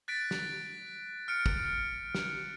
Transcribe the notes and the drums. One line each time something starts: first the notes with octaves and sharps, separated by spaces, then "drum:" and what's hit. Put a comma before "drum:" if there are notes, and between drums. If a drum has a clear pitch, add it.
F#6 A6 B6 D7
drum: snare
F6 C#7 D7
drum: kick
drum: snare